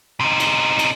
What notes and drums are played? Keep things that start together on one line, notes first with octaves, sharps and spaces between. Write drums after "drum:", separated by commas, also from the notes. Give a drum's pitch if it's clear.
C3 D#4
drum: cymbal
drum: cymbal